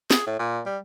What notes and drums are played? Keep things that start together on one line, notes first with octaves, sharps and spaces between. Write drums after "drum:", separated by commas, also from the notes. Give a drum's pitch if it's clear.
G#4, drum: snare
A2
A#2
G3